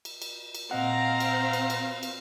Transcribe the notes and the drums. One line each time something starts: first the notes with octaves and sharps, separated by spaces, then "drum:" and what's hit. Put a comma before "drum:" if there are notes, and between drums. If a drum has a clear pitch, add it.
drum: cymbal
drum: cymbal
drum: cymbal
A#2 C4 D#5 F5 F#5 A#5
drum: cymbal
drum: cymbal
drum: cymbal
drum: cymbal